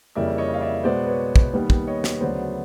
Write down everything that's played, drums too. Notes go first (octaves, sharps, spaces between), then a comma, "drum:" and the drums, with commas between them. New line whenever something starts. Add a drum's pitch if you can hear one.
F2 C#3 E3 G3 A#3 D5 E5
C#5 D#5
F5
D5 E5
B2 G#3 B3 C5 D5
B4 C#5
drum: kick
D#2 D#3 G3 B3
drum: kick
C#5 D#5
drum: snare
D2 C#3 F#3 B3 C5 D5